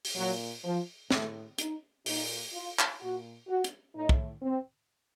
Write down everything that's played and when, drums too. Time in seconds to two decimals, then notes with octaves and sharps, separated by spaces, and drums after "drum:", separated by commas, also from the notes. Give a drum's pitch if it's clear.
0.05 drum: open hi-hat
0.16 A#2 F#3
0.64 F3
1.11 A2 A3, drum: snare
1.58 D#4, drum: hi-hat
2.06 A#2 D#4, drum: open hi-hat
2.53 F4
2.79 drum: clap
3.00 A#2 F#4
3.48 F#4
3.64 drum: hi-hat
3.95 A2 D#4
4.09 drum: kick
4.42 C4